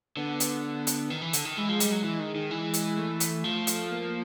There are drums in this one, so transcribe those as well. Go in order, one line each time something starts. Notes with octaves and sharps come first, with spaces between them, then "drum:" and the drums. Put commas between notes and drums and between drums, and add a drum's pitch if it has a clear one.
D3 B3
drum: hi-hat
drum: hi-hat
D#3
E3
D3, drum: hi-hat
D#3
E3 G#3
F3
G3, drum: hi-hat
F#3
E3
D#3
D#3
E3
drum: hi-hat
A3
drum: hi-hat
F3
drum: hi-hat
A#3